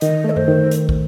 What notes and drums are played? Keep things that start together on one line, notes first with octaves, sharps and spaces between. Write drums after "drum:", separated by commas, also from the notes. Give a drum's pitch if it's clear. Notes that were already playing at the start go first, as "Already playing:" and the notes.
D#3 D#5, drum: hi-hat
A3
A4
C5, drum: tom F#2
D#3
drum: hi-hat
drum: kick